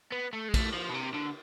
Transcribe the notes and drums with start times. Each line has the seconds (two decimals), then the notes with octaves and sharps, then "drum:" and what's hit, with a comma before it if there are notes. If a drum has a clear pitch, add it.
0.12 B3
0.33 A3
0.49 G#3
0.54 A3, drum: kick A#1, cymbal
0.74 F3
0.89 B2
0.94 C3
1.14 D3